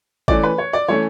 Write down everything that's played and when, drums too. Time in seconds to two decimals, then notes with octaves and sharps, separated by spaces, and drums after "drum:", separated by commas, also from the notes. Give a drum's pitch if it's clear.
0.28 E3 A3 C#4 D5, drum: kick G#1
0.43 B4
0.58 C#5
0.73 D5
0.88 E3 A3 C#4 C#5